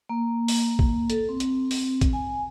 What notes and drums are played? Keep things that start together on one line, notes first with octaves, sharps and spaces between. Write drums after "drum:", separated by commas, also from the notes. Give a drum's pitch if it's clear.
A#3
drum: open hi-hat
drum: kick
A4, drum: hi-hat
C4
drum: hi-hat
drum: open hi-hat
drum: kick, hi-hat
G#5